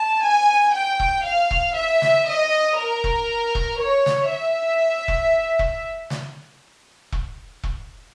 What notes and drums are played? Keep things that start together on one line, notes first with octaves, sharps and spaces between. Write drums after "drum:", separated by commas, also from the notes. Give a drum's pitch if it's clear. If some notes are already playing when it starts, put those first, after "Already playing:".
Already playing: A5
G#5
G5
drum: kick E1
F5
drum: kick E1
E5
drum: snare
D#5
A#4
drum: kick E1
drum: kick E1
C#5
drum: snare
E5
drum: kick E1
drum: kick E1
drum: snare
drum: kick E1
drum: kick E1